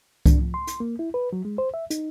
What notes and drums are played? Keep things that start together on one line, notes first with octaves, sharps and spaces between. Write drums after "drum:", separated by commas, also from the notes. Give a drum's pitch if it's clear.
D4, drum: kick C2, hi-hat
F3
C6
drum: hi-hat
A#3
E4
B4
F#3
G#3
C5
E5
D#4, drum: hi-hat